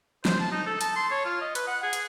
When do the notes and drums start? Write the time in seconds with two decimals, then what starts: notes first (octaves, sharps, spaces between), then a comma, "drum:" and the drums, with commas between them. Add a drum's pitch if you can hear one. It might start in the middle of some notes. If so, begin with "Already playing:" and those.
0.25 C5, drum: snare
0.40 A5
0.52 D#4
0.66 A4
0.81 A5, drum: hi-hat
0.96 C6
1.11 C#5
1.25 F4
1.41 D#5
1.55 B4, drum: hi-hat
1.67 F#5
1.83 G#4
1.93 drum: hi-hat